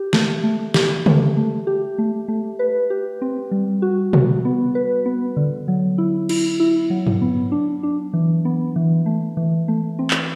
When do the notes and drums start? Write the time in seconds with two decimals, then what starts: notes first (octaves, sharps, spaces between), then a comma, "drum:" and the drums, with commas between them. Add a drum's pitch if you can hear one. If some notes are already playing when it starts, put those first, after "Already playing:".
Already playing: G4
0.13 A3, drum: snare
0.44 A3
0.74 G4, drum: snare
1.06 A3, drum: tom C#3
1.37 A3
1.67 G4
1.98 A3
2.28 A3
2.59 B4
2.90 G4
3.22 C4
3.51 G3
3.82 F#4
4.13 F#4, drum: tom B2
4.45 B3
4.75 B4
5.06 B3
5.37 D3
5.68 F#3
5.98 E4
6.29 E4, drum: cymbal
6.60 E4
6.90 F#3
7.07 drum: tom G2
7.21 B3
7.52 D4
7.83 D4
8.13 E3
8.45 B3
8.76 E3
9.06 A3
9.37 E3
9.68 A3
9.99 C4
10.11 drum: clap